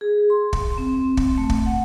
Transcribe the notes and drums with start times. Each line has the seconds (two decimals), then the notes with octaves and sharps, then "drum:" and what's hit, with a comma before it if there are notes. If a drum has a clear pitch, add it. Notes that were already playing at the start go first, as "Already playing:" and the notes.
0.01 G#4
0.30 C6
0.53 drum: kick
0.78 C4
1.17 drum: kick
1.38 A3
1.50 drum: kick
1.66 F#5